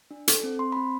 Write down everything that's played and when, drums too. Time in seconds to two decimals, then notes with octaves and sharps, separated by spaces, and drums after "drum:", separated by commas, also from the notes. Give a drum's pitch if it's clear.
0.11 D4
0.28 A4, drum: hi-hat
0.43 C4
0.59 C4 C6
0.72 C4 B5